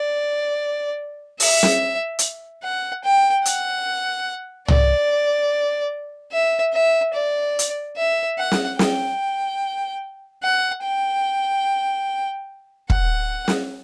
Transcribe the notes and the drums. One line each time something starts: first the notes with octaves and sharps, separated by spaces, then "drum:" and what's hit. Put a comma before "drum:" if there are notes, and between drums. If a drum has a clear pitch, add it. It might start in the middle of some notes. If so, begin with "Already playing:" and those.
Already playing: D5
E5, drum: open hi-hat
drum: snare
drum: hi-hat
F#5
G5
F#5, drum: hi-hat
D5, drum: tom
E5
E5
D5
drum: hi-hat
E5
F#5
drum: snare
G5, drum: snare
F#5
G5
F#5, drum: kick
drum: snare